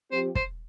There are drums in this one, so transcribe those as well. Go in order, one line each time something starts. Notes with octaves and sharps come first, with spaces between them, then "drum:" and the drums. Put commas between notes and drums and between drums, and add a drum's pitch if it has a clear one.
F3 C4 G4 C5
C5, drum: kick